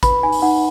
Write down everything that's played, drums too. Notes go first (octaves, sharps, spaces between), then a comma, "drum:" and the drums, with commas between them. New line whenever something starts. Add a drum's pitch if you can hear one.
B4 B5, drum: kick, hi-hat
D#4 G#5
drum: open hi-hat
D#4 F#5